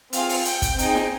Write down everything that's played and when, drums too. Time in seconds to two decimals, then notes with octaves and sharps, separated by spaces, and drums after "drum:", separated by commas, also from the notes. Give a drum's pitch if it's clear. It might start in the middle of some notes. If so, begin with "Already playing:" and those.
0.13 C4 F4 G#4 F5, drum: hi-hat
0.29 drum: open hi-hat
0.45 G5, drum: hi-hat
0.62 drum: kick, hi-hat
0.79 C4 D#4 G#4, drum: hi-hat
0.95 drum: snare